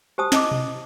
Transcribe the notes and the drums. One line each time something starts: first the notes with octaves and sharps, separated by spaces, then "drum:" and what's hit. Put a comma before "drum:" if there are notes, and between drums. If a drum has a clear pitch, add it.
G4 C5 A5 D#6
E4 D#5 A5 D6, drum: snare
drum: tom B2